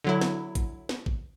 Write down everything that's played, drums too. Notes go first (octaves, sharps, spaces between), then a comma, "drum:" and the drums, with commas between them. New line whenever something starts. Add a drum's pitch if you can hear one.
D3 F#3 E4
drum: snare
drum: kick A1, hi-hat
drum: snare
drum: kick A1